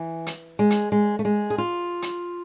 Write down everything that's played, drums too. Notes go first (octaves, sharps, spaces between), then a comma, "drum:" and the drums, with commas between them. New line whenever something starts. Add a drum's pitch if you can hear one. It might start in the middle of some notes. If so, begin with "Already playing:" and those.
Already playing: E3
drum: hi-hat
G#3
drum: hi-hat
G#3
A3
G#3
G#4
F4
drum: hi-hat